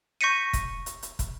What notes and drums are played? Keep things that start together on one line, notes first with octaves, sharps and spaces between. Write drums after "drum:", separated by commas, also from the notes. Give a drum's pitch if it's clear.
C#6 G6 A#6 B6 C#7 D#7
drum: kick, hi-hat
drum: hi-hat
drum: hi-hat
drum: kick, hi-hat